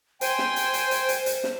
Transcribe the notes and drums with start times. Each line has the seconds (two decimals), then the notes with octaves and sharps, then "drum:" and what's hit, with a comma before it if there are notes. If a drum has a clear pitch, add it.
0.21 C5 G5 G#5 C6, drum: hi-hat
0.39 drum: snare
0.56 drum: hi-hat
0.74 drum: hi-hat
0.91 drum: hi-hat
1.09 drum: hi-hat
1.26 drum: hi-hat
1.44 drum: snare